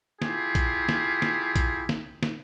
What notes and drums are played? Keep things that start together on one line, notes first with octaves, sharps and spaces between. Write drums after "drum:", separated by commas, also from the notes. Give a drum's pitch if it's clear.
E4 F4 G4 G#4, drum: snare
drum: kick A#1, hi-hat
drum: snare
drum: snare
drum: kick A#1, hi-hat
drum: snare
drum: snare